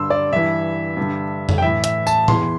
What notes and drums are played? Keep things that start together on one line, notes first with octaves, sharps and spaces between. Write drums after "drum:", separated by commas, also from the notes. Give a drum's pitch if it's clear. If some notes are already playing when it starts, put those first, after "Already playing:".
Already playing: G2 D3 C6 E6
D5
G2 E3 E5
G2 D3
drum: tom F2
G5
A2 E3 E5
E5, drum: hi-hat
A5, drum: tambourine
E2 E3 C6, drum: tom